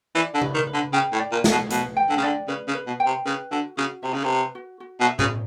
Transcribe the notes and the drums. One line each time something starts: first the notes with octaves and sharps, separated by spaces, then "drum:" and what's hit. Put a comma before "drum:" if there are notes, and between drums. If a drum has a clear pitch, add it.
E3 D5
D3
B4, drum: tom
D#3
B4
D3
C#3 G5
A2
D5
A#2
B4, drum: snare
B2
B2 B4, drum: hi-hat
G5
D3
C#3
D3 D5
C#3 B4
C#3
B4
B2
G5
C3
C#3 B4
D3 F#4
C#3 F#4
C3 E5
C#3
C3 B4
F#4
F#4
B2
E5
C#3, drum: tom A2